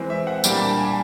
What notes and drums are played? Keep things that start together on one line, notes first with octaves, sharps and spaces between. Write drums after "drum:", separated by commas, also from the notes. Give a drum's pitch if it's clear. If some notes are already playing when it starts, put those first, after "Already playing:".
Already playing: E3 G#3 C4
E5
F#5
A#2 G3 A#3 D4 G5, drum: tambourine
A5
G#5